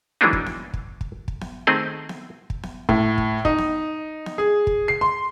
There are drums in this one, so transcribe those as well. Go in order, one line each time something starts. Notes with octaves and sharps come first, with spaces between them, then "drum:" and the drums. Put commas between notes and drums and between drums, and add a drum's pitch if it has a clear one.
E3 F#3 G#3 A#3 D4 D#4
drum: kick
drum: snare B3
drum: kick
drum: kick
drum: kick
drum: snare B3
D#3 A3 C4 G#4 D#5
drum: snare B3
drum: kick
drum: snare B3
A2, drum: kick
drum: kick
D#4, drum: kick
drum: snare B3
drum: snare B3
G#4
drum: kick
C7
C6